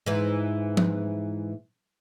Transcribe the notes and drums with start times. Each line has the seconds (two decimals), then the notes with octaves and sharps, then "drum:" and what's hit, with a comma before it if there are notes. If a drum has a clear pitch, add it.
0.06 G#2 E3
0.77 drum: tom F3